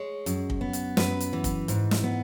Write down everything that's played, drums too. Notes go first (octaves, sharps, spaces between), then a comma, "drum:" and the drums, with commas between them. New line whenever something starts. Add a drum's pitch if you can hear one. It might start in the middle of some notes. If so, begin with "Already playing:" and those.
Already playing: G#3 C#5
F#2, drum: hi-hat
drum: kick
B3
drum: hi-hat
F#2 B4, drum: snare
drum: hi-hat
E3
drum: kick, hi-hat
G#2, drum: hi-hat
drum: snare
B3